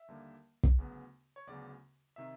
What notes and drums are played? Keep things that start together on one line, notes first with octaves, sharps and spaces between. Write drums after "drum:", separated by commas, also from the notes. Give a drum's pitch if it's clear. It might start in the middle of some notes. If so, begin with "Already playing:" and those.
Already playing: E5
D#2 D3 G3 A#3
drum: kick
D2 C#3 F#3 B3
C#5
D2 C#3 F#3 B3 D5
C3 D#3 E5